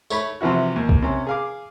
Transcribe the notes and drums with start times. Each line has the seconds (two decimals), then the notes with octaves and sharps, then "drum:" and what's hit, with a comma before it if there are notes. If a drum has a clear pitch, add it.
0.10 A3 C#5 B5, drum: tambourine
0.41 C3 E3 F3 E4 F#4
0.76 D#2
0.89 drum: kick
1.02 C3 C#4
1.27 G#4 F5 D6